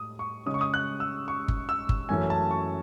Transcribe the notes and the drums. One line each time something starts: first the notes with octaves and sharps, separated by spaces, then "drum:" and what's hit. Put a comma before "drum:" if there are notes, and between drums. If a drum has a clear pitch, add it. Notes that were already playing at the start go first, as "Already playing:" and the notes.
Already playing: A2 D#6
C#6
C#3 G#3 C#4 D#6
C#6
D#6
F#6
E6
C#6
drum: kick G1
E6
drum: kick G1
F#2 E3 A3 C#4 G#5
A5
C#6